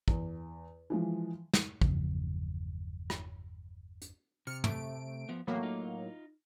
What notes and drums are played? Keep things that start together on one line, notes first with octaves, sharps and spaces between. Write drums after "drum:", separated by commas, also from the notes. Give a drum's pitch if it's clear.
E2, drum: kick
E3 F3 G#3
drum: snare
G1 E2 C#3 F3, drum: kick
drum: rim click
drum: hi-hat
C3 F6 C#7
A3 D7, drum: tom
F3 B3
A2 E3 F#3 A#3 B3
D#4 F4